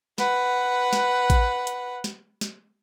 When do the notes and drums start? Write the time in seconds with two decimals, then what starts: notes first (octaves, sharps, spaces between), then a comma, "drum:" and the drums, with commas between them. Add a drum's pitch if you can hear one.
0.18 B4 F#5, drum: snare
0.93 drum: snare
1.30 drum: kick A1, hi-hat
1.67 drum: hi-hat
2.04 drum: snare
2.41 drum: snare